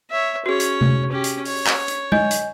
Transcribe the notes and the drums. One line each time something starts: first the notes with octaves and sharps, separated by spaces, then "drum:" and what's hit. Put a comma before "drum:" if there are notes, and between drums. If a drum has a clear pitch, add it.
C#5 E5
C#4 F#4 G#4 C#5
drum: hi-hat
drum: tom C3
C#4 G4
drum: hi-hat
C#5, drum: open hi-hat
drum: clap
drum: hi-hat
D#5 G#5 G6, drum: tom G#3
drum: hi-hat